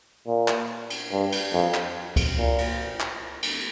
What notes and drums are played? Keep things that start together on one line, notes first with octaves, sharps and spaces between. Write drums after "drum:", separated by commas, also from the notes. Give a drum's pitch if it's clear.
A#2
drum: clap
drum: cymbal
G2
drum: cymbal
F2
drum: clap
drum: kick C#2, cymbal
A#2
drum: cymbal
drum: clap
drum: cymbal